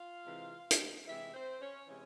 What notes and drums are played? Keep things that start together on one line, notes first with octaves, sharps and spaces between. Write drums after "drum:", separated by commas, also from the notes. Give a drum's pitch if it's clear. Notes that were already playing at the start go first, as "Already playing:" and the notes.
Already playing: F4 F5
C3 E3 G#3 C4
drum: hi-hat
C3 E3 G#3 C4 E4 E5
C4 C5
C#4 C#5
C3 E3 G#3 C4 C#4 C#5